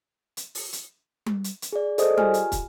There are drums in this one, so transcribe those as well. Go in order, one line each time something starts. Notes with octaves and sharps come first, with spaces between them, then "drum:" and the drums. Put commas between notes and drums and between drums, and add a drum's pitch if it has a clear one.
drum: hi-hat
drum: open hi-hat
drum: hi-hat
drum: tom G3
drum: hi-hat
drum: hi-hat
G#4 D5
G#4 A4 C5 D5 D#5 D#6, drum: hi-hat
F4 G4 G#5 F6, drum: tom G3
drum: hi-hat
drum: kick, hi-hat